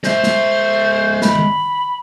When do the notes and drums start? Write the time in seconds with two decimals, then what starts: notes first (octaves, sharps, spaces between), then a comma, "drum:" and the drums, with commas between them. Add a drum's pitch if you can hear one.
0.04 G#3 C5 E5, drum: snare
0.24 drum: snare
1.22 B5, drum: snare
1.35 drum: tom D#3